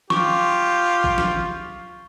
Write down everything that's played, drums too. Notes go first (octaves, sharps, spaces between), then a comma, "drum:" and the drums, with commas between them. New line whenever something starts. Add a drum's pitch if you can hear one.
F4 G4 C#6, drum: snare
drum: kick A1
drum: snare